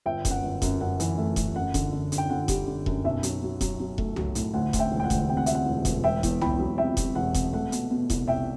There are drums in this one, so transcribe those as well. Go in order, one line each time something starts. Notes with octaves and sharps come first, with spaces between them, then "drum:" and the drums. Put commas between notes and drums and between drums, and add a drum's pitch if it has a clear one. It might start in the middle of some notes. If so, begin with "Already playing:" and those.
G1 E5 G5
F#2, drum: kick E1, hi-hat
F#5
G1
F#2, drum: kick E1, hi-hat
F#2 F#5
E3, drum: hi-hat
A3
A3, drum: kick E1, hi-hat
F#2 F#5
D3, drum: kick E1, hi-hat
D3
D3, drum: hi-hat
G5
D3 F#5
G3, drum: kick E1, hi-hat
D3
F#2, drum: kick E1
B1 E5
F#3, drum: hi-hat
F#3
F#3, drum: kick E1, hi-hat
F#3
A3, drum: kick E1
F#3, drum: tom C2
A2, drum: hi-hat
D2 F#5
D2, drum: kick E1, hi-hat
E5 G5
E1
G5
F#5
D2, drum: kick E1, hi-hat
C3 G5
F#5
C3 E5, drum: hi-hat
F#5
E1
E1, drum: kick E1, hi-hat
E1 E5 G5
E2, drum: kick E1, hi-hat
E2 G5 B5, drum: tom C2
F#3
C3 E5 G5
C3, drum: kick E1, hi-hat
E1 F#5
C3, drum: kick E1, hi-hat
A3 F#5
B2, drum: hi-hat
B2
C2, drum: kick E1, hi-hat
C2 E5 G5